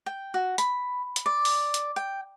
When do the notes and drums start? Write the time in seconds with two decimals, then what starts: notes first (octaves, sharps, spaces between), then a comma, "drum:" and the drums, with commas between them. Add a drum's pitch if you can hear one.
0.06 G5
0.34 F#4
0.58 B5, drum: hi-hat
1.16 drum: hi-hat
1.26 D5
1.45 drum: open hi-hat
1.74 drum: hi-hat
1.96 G5